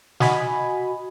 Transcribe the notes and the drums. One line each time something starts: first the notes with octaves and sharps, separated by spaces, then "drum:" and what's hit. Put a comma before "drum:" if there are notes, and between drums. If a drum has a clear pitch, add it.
F#4 D#5 G#5 B5, drum: snare